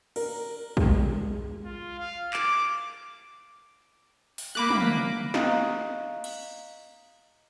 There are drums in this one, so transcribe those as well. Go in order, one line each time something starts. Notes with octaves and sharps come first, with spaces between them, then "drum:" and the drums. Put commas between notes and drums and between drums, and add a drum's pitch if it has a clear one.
A#4, drum: cymbal
G#3, drum: kick
F4
F5
D6, drum: clap
drum: open hi-hat
A#3 B5 D6 F#6
drum: tom
D#5 F5 A#5 C#6 D#6 F#6, drum: snare
drum: cymbal